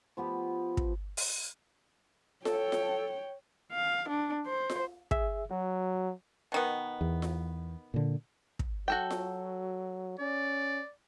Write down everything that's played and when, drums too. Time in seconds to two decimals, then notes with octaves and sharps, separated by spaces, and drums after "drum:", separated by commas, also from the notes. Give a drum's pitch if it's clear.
0.17 F3 B3 G4 B5
0.77 drum: kick
1.17 drum: open hi-hat
2.45 A4 C#5 G5, drum: snare F4
2.72 drum: snare F4
3.72 F5
4.09 D4
4.47 C5
4.70 drum: snare F4
5.11 G#4 E5, drum: kick
5.51 F#3 F#4
6.52 B2 D#3 B3
7.01 E2
7.22 drum: snare F4
7.94 A#2 D3
8.59 drum: kick
8.88 F#3 F#4 A4 G5
9.11 drum: snare F4
10.19 C#4 D5